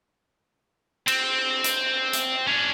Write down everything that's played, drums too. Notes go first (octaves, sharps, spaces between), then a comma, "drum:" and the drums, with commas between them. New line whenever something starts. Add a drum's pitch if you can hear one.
C4, drum: cymbal
drum: hi-hat
drum: hi-hat
C#4 D4